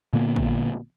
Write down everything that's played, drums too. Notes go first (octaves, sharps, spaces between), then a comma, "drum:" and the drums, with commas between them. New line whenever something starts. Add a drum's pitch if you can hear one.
A#2 D3 A#3 B3
drum: kick A1